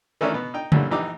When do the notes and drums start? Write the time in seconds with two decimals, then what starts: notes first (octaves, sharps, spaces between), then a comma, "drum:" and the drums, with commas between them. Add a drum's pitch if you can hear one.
0.21 D#3 E3 A3 C#4 D4
0.34 B2 B3
0.54 D#4 G5
0.72 F#2 A#2 D3 E3 G3, drum: tom C#3
0.91 A#1 E3 D#4 G4 D6